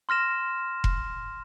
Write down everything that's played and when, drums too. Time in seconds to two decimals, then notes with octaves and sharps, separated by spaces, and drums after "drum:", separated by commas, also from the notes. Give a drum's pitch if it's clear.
0.09 C6 F6 A#6 E7
0.84 drum: kick F1